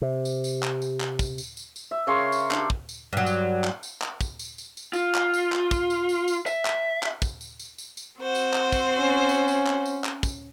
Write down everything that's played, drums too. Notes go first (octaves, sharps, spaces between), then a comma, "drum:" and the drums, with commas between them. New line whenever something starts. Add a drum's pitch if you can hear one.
C3
drum: tambourine
drum: tambourine
drum: clap
drum: tambourine
drum: clap
drum: kick, tambourine
drum: tambourine
drum: tambourine
drum: tambourine
E5
C#3 A#4 C#5 C6
drum: tambourine
D4 G4, drum: clap
drum: kick
drum: tambourine
G2 F#3
drum: tambourine
drum: clap
drum: tambourine
drum: clap
drum: kick, tambourine
drum: tambourine
drum: tambourine
drum: tambourine
F4, drum: tambourine
drum: clap
drum: tambourine
drum: clap
drum: kick, tambourine
drum: tambourine
drum: tambourine
drum: tambourine
E5, drum: tambourine
drum: clap
drum: clap
drum: kick, tambourine
drum: tambourine
drum: tambourine
drum: tambourine
drum: tambourine
C4 F#4 C5
drum: tambourine
drum: clap
drum: kick, tambourine
C#4
drum: tambourine
drum: tambourine
drum: clap
drum: tambourine
drum: clap
drum: kick, tambourine